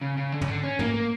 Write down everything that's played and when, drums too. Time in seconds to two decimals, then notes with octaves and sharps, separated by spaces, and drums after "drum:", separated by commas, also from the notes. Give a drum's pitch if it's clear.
0.01 C#3
0.17 C#3
0.32 D3
0.41 C#3, drum: tom
0.48 D3
0.63 C#4
0.79 A#3, drum: tom
0.94 A#3